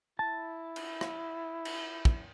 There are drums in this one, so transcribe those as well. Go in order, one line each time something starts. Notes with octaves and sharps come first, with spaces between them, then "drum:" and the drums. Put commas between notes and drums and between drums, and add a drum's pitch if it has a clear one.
E4 A5
drum: cymbal
drum: rim click
drum: cymbal
drum: kick